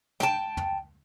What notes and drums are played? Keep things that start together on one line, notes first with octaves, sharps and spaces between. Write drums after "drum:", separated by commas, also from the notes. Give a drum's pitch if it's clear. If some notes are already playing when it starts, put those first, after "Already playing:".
G5 A5, drum: snare
drum: tom